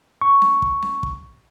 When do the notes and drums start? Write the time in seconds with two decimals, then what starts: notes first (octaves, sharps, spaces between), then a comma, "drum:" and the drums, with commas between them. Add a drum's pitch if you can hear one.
0.21 C#6
0.42 drum: snare
0.62 drum: kick
0.83 drum: snare
1.03 drum: kick